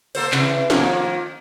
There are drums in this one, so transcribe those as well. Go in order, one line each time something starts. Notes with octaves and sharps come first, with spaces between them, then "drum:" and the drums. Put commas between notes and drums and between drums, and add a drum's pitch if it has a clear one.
A#3 A4 C5, drum: open hi-hat
C3 E3, drum: clap
D#3 F3 A#3, drum: snare